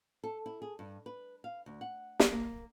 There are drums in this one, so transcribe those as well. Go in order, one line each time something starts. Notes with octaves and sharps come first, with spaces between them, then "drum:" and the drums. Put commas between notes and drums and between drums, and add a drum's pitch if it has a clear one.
A4
E4
G#4
G2
B4
F5
D2
F#5
drum: snare
A#3